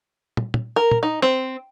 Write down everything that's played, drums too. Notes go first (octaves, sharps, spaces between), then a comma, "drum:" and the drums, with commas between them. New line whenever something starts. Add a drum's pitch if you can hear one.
drum: tom
drum: tom
A#4
drum: tom
D#4
C4